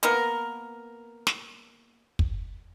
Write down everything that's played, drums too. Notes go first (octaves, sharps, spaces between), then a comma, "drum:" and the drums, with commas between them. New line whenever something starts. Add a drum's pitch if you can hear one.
A#3 B3 A#4, drum: hi-hat
drum: snare
drum: kick